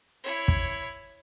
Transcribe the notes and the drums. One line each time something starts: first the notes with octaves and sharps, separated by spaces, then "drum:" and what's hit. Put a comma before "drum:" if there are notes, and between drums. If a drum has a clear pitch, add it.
E4 C#5
drum: kick